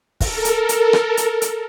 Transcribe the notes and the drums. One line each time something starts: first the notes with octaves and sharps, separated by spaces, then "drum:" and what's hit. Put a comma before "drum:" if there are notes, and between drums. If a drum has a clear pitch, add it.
A4 A#4, drum: kick, open hi-hat
drum: hi-hat
drum: hi-hat
drum: rim click
drum: hi-hat
drum: hi-hat